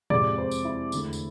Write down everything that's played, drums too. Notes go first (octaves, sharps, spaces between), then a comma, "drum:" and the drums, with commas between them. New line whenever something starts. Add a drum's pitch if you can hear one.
F2 C3 G#3 D5, drum: tom A2
C5
drum: tambourine
E4
E2 D3 A3, drum: tambourine
drum: tambourine